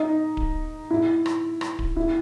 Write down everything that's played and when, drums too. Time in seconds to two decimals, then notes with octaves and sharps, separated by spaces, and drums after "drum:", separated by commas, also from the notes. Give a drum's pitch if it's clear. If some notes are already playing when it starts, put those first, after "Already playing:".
Already playing: D#4
0.37 drum: kick D1
0.91 E4
1.26 drum: rim click
1.61 drum: rim click
1.79 drum: kick D1
1.97 E4